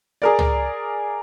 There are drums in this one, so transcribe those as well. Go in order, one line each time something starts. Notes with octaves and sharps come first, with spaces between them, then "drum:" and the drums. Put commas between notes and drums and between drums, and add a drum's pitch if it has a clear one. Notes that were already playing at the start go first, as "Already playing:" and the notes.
G#4 A#4 D5
drum: tom